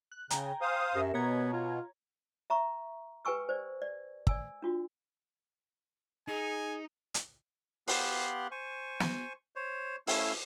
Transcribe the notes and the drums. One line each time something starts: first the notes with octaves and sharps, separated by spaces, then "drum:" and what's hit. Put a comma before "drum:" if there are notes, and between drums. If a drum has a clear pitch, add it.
F#6
C#3 G5 G#5 A#5, drum: hi-hat
C5 F5 D#6
F#2 G4 A#4 E5
B2 B3 C#5 A#5 G#6
F4
E5 A#5 C#6
G4 B4 G5 G#5 C#6 E6
C5 D5
D5
D5 G#5 E6, drum: kick
D4 F4 F#4
D#4 G#4 G#5
drum: hi-hat
B3 G4 F5 C6 F#6, drum: open hi-hat
C5 G#5 C#6
drum: snare
C5 C#5
A3 C#4 E4 F5 E6, drum: open hi-hat